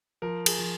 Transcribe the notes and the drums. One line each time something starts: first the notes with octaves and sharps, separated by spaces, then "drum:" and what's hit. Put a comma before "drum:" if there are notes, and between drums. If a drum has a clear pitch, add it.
F3 A#4
G#4, drum: cymbal
F3